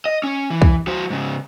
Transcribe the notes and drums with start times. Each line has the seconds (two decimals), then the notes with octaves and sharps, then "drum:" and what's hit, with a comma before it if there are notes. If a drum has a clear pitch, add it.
0.06 D#5
0.23 C#4
0.50 E3
0.62 drum: kick
0.87 F#3 C5
1.10 G#2 C#3